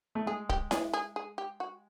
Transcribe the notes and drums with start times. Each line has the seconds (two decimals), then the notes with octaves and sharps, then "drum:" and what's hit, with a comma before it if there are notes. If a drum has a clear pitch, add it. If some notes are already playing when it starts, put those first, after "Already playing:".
0.15 A3
0.26 G#3 G#4
0.49 G4, drum: kick
0.71 G#4, drum: snare E4
0.93 G#4
1.16 G#4
1.38 G4
1.60 F#4